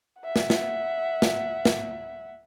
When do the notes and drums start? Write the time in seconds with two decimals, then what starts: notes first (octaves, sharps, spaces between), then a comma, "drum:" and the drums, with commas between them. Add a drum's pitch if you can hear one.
0.21 E5 F#5
0.36 drum: snare
0.50 drum: snare
1.22 drum: snare
1.65 drum: snare